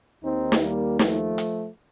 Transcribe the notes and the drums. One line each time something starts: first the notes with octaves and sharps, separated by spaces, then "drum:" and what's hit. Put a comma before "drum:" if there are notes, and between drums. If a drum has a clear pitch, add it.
D#2 D#3 C4 D#4
drum: snare
G3 A#3
F3 A3, drum: snare
drum: hi-hat